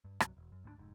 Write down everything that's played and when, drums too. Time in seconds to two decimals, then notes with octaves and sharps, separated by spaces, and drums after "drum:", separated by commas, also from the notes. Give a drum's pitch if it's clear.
0.05 G2
0.20 C2 G2 C3 F#3, drum: rim click
0.37 E1
0.52 F#2
0.64 D2 G#2 G3 D4
0.78 F1 G#2